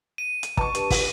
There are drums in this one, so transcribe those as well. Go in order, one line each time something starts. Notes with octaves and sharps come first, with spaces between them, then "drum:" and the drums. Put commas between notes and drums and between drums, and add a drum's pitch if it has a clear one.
D#7
drum: hi-hat
B2 A5 C#6, drum: kick
G2, drum: hi-hat
drum: kick, open hi-hat